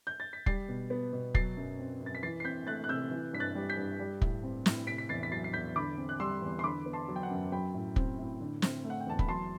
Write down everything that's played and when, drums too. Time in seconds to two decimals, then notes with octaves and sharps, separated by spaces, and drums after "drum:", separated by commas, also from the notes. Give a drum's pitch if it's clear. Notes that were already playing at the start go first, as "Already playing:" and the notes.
0.07 G6
0.20 A6
0.33 B6
0.46 G3 A6 C7, drum: kick
0.69 B2
0.90 B3
1.13 B2
1.35 F#3 A6 C7, drum: kick
1.57 F#2
1.79 C4
2.01 F#2
2.06 A6
2.15 B6
2.23 E3 A6 C7
2.40 C7
2.44 C4 G6 B6
2.67 A3 F#6 A6
2.84 F#6
2.89 C3 E6 G6
3.11 E3
3.33 G2 B6
3.40 F#6 A6
3.55 G3
3.69 G6 B6
3.77 G2
3.99 G3
4.22 A2, drum: kick
4.43 C4
4.66 A2, drum: snare
4.87 C3 B6 D7
4.98 B6
5.09 E2 A6 C7
5.23 B6
5.31 F#3 A6 C7
5.44 C7
5.53 E2 G6 B6
5.76 D3 B5 D6
5.98 C4
6.09 F#6
6.20 G3 C6 E6
6.42 E2
6.59 C6
6.64 D3 B5 D6
6.86 B3
6.93 A5 C6
7.08 F#3
7.16 G5
7.23 F#5
7.30 F#2
7.52 F#3 G5 B5
7.74 A2
7.96 C4, drum: kick
8.18 A2
8.40 D3
8.62 C4, drum: snare
8.84 A3
8.90 F#5
9.00 G5
9.07 E2 A5
9.19 B5, drum: kick
9.28 F#3 A5 C6